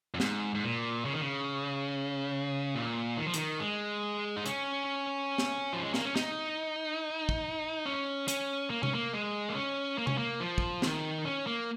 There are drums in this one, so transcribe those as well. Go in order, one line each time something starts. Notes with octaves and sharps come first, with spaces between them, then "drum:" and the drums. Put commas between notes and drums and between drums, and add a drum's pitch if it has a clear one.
F2
G#2, drum: snare
G#2
A#2
C#3
D#3
C#3
A#2
D#3
F3
D#3, drum: hi-hat
G#3
D#4
C#4, drum: hi-hat
drum: snare
F3
G#3
A#3, drum: snare
C#4
D#4, drum: snare
drum: kick
C#4
C#4, drum: hi-hat
A#3
C#4, drum: tom C3
A#3
G#3
A#3
C#4
A#3
C#4, drum: tom C3
A#3
F3
drum: kick
D#3, drum: snare
C#4
A#3